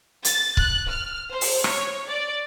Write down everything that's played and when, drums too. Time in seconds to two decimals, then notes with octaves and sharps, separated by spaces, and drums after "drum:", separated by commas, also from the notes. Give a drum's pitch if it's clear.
0.25 A6, drum: hi-hat
0.57 F#6, drum: kick
0.88 F6
1.31 C5
1.41 drum: open hi-hat
1.64 C#5, drum: rim click
2.07 D5